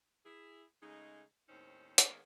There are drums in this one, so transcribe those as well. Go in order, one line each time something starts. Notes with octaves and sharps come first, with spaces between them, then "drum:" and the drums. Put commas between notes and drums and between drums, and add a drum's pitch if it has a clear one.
E4 G#4
C#3 G#3 A3 D#4
D#2 A2 C4 C#4 D#4 C5
drum: hi-hat
D#3 G#3 A#3 B3